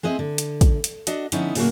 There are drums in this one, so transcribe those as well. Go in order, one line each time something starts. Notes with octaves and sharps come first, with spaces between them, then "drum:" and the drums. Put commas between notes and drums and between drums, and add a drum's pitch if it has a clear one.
G#3 C4 E4 D#5
D3
drum: hi-hat
drum: kick, hi-hat
drum: hi-hat
D4 F#4 D#5 F#5, drum: hi-hat
D3 F3 B3 C#4 D#4 E4, drum: hi-hat
A2 C#3 F#3 G#3 A#3 F#4, drum: open hi-hat